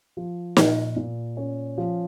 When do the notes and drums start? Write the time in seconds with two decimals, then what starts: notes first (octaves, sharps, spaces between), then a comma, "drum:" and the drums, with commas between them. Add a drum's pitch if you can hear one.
0.17 F3
0.57 A#2, drum: snare
0.97 A#2
1.37 C#4
1.78 F3